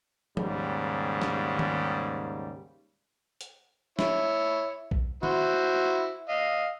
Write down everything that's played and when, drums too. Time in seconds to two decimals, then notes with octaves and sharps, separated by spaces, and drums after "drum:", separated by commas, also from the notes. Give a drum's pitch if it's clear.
0.37 D#2 G#2 C#3 G3, drum: tom F3
1.22 drum: snare
1.59 drum: tom D#3
3.41 drum: hi-hat
3.99 E4 C#5, drum: snare
4.91 drum: kick
5.23 E4 F#4 C5, drum: tom D#3
6.29 D#5 F5